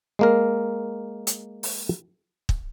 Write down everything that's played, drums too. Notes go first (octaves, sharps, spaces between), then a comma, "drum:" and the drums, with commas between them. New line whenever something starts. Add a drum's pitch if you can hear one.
G#3 A#3 A#4
drum: hi-hat
drum: open hi-hat
drum: kick